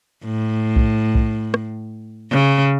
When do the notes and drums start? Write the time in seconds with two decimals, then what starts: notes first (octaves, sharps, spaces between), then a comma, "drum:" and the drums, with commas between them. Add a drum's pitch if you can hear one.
0.25 A2
0.76 drum: kick B1
1.15 drum: kick B1
1.54 drum: rim click
2.31 C#3